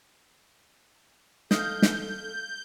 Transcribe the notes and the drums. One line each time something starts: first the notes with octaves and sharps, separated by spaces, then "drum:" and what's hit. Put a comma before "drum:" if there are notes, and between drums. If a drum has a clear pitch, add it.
A4 D#5 F5 G6, drum: snare
drum: snare